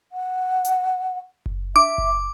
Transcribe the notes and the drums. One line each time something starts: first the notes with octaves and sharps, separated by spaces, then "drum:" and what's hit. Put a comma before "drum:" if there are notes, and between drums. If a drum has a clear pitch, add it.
F#5
drum: hi-hat
drum: kick F#1
E5 D6, drum: tom D4
drum: kick F#1